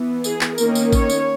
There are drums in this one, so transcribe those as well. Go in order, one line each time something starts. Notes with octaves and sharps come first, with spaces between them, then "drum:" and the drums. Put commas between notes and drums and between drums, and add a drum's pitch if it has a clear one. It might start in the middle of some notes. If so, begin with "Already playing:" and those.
Already playing: E3 B3
G#4, drum: tambourine
drum: clap
D#3 A#3 C#4 A#4, drum: tambourine
drum: tambourine
C#5, drum: kick A1, tambourine
drum: tambourine